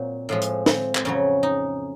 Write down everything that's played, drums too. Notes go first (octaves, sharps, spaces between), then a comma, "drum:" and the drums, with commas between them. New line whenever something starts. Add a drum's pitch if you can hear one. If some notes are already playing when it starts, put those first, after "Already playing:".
Already playing: A#2 F#3 C4
A2 F3 G#3
drum: hi-hat
C4, drum: snare
C4, drum: clap
F2 C#3 F#3 C#4
D#4